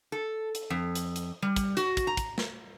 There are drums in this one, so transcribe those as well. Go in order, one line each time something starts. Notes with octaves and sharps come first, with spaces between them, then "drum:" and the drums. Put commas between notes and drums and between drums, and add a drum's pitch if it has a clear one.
A4
drum: hi-hat
F2
drum: hi-hat
drum: hi-hat
G3
drum: kick, hi-hat
F#4, drum: hi-hat
drum: kick, hi-hat
A#5
drum: kick, hi-hat
drum: snare